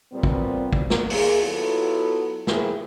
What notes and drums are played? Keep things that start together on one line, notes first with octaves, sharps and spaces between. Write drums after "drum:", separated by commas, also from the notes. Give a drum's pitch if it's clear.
A#2 G3 B3 C4
drum: kick
drum: kick
drum: snare
D#2 A#3 G#4, drum: open hi-hat
F#3 B3 E4 F4 A4
E4 F4 G4 G#4 A#4 C5, drum: snare